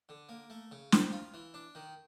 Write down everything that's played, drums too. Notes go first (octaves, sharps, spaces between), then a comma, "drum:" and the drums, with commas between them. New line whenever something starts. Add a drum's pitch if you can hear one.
D3
A#3
A3
C#3
C4, drum: snare
F4
E3
D4
D#3